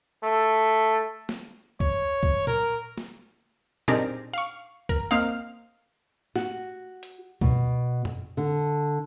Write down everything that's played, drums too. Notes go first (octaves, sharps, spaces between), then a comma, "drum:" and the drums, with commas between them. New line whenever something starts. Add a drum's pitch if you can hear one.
A3
drum: snare
C#5, drum: kick C2
drum: kick C2
A#4, drum: tom A#2
drum: snare
C4 D4 D#4 G4 G#4 A#4, drum: tom A#2
F5 C#6
A#4, drum: kick C2
A#3 C4 D#5 F5
F#4, drum: snare
drum: hi-hat
B2, drum: kick C2
drum: tom F2
D3